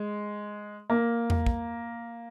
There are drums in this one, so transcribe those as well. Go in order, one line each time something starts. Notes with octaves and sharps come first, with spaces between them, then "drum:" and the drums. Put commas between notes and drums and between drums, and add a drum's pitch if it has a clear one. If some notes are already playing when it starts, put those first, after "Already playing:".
Already playing: G#3
A#3
drum: tom E2
drum: kick